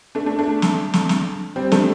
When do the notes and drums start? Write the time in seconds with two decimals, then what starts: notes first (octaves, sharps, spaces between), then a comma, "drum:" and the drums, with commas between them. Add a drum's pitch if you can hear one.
0.15 A3 D4
0.26 A3 D4
0.39 A3 D4
0.62 drum: snare
0.94 drum: snare
1.09 drum: snare
1.56 G3 C4
1.72 A3 D4, drum: snare